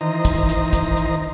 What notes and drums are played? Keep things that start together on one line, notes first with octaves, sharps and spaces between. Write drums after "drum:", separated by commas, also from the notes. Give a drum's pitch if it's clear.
D#3 E3 C5 D#5 A#5
drum: kick, hi-hat
drum: hi-hat
drum: kick, hi-hat
drum: hi-hat